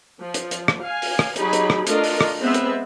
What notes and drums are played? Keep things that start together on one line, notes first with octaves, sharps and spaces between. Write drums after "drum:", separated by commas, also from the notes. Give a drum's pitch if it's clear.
F3
drum: hi-hat
drum: hi-hat
drum: rim click
F5 G#5
drum: open hi-hat
drum: rim click
F#3 D#4 G4 G#4 B5, drum: hi-hat
drum: hi-hat
drum: rim click
A3 D4 F4 A#4 D#5, drum: hi-hat
drum: open hi-hat
drum: rim click
G#3 B3 C4 B4 E5
drum: hi-hat